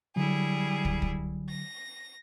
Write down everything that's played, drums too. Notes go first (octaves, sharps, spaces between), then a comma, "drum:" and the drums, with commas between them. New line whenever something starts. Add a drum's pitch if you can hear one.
D3 F#3 G3 E4 G#4
drum: kick
drum: kick
A#6